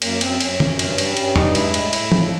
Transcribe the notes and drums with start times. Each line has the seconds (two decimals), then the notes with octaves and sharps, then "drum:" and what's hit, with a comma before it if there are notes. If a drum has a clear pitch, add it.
0.02 F#2 A#3, drum: cymbal
0.21 F#2 C4, drum: cymbal
0.40 F#2 C#4, drum: cymbal
0.60 F#2, drum: tom
0.79 G2, drum: cymbal
0.98 G3, drum: cymbal
1.17 G2 C#4, drum: cymbal
1.36 G2 D#4, drum: tom E2
1.55 G#3 E4, drum: cymbal
1.74 A2, drum: cymbal
1.93 A2, drum: cymbal
2.12 F3, drum: tom F3